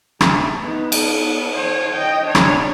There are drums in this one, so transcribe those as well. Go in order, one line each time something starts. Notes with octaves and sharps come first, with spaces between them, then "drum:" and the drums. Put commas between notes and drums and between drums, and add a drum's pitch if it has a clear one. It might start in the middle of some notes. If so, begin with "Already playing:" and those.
A3, drum: rim click
B3 D#4
drum: cymbal
B3
C5 C#5
D#5 G5
D4 C#5
drum: rim click